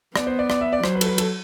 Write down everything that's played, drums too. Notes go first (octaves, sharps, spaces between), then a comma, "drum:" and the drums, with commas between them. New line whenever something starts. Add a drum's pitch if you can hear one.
B3 D5, drum: rim click
C5
D5
D5, drum: rim click
E5
D5
F#3 C5, drum: rim click
B4
A4, drum: cymbal
B4
A4, drum: cymbal